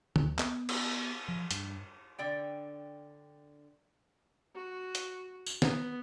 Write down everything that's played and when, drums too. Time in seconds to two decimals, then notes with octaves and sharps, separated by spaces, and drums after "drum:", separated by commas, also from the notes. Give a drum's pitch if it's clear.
0.16 D2, drum: tom
0.39 B3, drum: clap
0.69 drum: cymbal
1.29 F3
1.51 G2, drum: hi-hat
2.18 D3 D5 G5
4.55 F#4
4.95 drum: hi-hat
5.46 drum: tambourine
5.62 B3, drum: snare